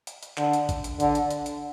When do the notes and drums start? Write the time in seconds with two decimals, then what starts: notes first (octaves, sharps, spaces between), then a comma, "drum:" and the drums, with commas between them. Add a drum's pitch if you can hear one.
0.07 drum: hi-hat
0.23 drum: hi-hat
0.37 D3, drum: clap
0.53 drum: hi-hat
0.69 drum: kick, hi-hat
0.84 drum: hi-hat
1.00 D3, drum: hi-hat
1.15 drum: hi-hat
1.31 drum: hi-hat
1.46 drum: hi-hat